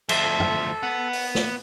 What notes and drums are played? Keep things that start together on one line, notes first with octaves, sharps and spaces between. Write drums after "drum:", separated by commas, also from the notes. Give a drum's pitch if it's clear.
D2 F3 A4 E5, drum: cymbal
drum: tom F#2
B3 F#5
drum: open hi-hat
drum: snare